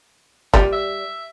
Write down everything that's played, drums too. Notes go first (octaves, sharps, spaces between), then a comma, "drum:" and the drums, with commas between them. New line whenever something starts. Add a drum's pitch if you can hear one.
A#2 G3, drum: kick
E5